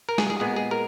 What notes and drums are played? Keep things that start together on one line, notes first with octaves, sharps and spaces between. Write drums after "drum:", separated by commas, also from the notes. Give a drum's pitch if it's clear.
A#4
G#4, drum: snare
G#4
A#2 G#3 B3 G#4
G#4
A#4